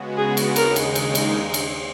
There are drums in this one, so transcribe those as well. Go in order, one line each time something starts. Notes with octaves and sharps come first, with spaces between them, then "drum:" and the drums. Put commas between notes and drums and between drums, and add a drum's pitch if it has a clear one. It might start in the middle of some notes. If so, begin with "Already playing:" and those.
Already playing: C#3 G#3 B3 F#4
G#4
drum: cymbal
D#2 C#3 G#3 D#4 A#4, drum: cymbal
drum: cymbal
drum: cymbal
drum: cymbal
drum: cymbal